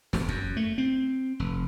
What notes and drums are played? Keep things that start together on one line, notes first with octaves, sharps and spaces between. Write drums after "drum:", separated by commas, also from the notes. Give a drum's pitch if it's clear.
E1, drum: snare
F#2, drum: kick
A3
C4
F1